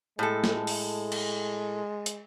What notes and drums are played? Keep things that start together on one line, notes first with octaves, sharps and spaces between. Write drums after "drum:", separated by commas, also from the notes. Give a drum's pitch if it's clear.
A2 G#3 A4
drum: snare
drum: open hi-hat
drum: cymbal
drum: hi-hat